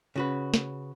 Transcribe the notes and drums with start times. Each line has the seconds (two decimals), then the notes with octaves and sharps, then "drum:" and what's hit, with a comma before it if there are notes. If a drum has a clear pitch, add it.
0.16 C#3 F#4 B4
0.54 drum: snare